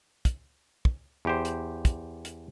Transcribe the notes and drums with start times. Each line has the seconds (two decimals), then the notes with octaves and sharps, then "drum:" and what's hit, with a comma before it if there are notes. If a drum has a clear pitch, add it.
0.25 drum: kick, hi-hat
0.85 drum: kick
1.25 E2 G4 C5
1.45 drum: hi-hat
1.85 drum: kick, hi-hat
2.25 drum: hi-hat